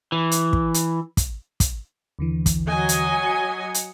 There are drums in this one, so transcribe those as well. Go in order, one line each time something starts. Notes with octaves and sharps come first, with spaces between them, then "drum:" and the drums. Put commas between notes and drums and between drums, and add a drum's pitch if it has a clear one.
E3
drum: hi-hat
drum: kick
drum: hi-hat
drum: kick, hi-hat
drum: kick, hi-hat
D#2 D3 E3
drum: kick, hi-hat
F#3 D#5 G#5
drum: hi-hat
C#7
drum: hi-hat